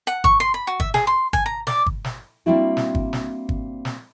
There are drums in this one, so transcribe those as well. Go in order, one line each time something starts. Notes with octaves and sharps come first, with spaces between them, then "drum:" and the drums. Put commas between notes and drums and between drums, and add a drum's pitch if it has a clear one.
F#5
C#6, drum: kick
C6
B5
F#4
E5, drum: kick
G#4, drum: snare
C6
G#5, drum: kick
A#5
D5, drum: snare
drum: kick
drum: snare
G3 A#3 C4 D4 E4 F#4
drum: snare
drum: kick
drum: snare
drum: kick
drum: snare